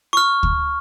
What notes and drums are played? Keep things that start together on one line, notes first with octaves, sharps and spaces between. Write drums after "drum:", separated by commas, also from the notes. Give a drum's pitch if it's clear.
C#6 F6
drum: kick D2